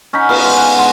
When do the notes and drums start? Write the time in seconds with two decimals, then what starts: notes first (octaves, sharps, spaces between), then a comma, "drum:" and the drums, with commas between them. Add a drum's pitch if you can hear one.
0.13 C#4 D#4 F#5 B5
0.29 B3 D#4 F5, drum: cymbal
0.44 G#3
0.58 F#5 G#5
0.75 D3 G#3